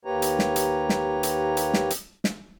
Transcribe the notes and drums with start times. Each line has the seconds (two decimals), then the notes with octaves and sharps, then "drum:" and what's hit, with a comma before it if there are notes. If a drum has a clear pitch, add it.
0.05 D#2 A#3 G4 B4 C#5 A#5
0.22 drum: hi-hat
0.39 drum: snare
0.56 drum: hi-hat
0.89 drum: snare
1.23 drum: hi-hat
1.57 drum: hi-hat
1.74 drum: snare
1.90 drum: hi-hat
2.24 drum: snare